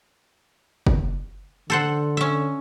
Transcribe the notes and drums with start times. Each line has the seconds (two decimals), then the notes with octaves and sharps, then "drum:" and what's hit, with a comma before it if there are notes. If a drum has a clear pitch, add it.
0.87 drum: kick F#1
1.70 D3 A4 C5 F#5
2.17 C#4 E5